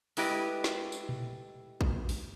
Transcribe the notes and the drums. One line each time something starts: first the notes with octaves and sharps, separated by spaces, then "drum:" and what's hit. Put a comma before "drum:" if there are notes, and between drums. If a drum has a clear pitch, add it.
G#3 A3 E4 G4 B4 D#5, drum: open hi-hat
drum: snare
drum: tambourine
drum: tom A#2
drum: kick
drum: open hi-hat